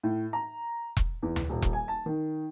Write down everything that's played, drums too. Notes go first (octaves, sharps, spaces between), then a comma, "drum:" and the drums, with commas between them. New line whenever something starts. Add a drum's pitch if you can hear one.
A2
A#5
drum: kick E1
E2
drum: tom D2
D#1
drum: kick E1
G#5
A5
D#3